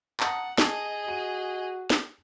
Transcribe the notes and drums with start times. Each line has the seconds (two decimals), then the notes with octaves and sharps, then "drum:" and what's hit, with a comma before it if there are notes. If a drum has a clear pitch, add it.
0.20 F#5 A5 A#5 D#6, drum: clap
0.58 G#4 D#5 A5 C7, drum: snare
1.08 F#4 D#7
1.90 drum: snare